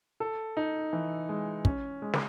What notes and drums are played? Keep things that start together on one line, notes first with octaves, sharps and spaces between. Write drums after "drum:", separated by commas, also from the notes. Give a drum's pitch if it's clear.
A4
D#4
E3
G#3
C#4, drum: kick
G#3
drum: snare